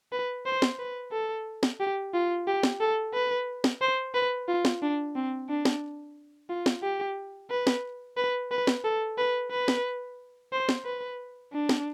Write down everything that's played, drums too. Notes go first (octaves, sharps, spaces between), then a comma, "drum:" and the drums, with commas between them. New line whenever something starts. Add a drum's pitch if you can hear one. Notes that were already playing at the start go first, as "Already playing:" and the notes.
B4
C5
drum: snare
B4
A4
drum: snare
G4
F4
G4
drum: snare
A4
B4
drum: snare
C5
B4
F4
drum: snare
D4
C4
D4
drum: snare
F4
drum: snare
G4
B4
drum: snare
B4
B4
drum: snare
A4
B4
B4
drum: snare
C5
drum: snare
B4
D4
drum: snare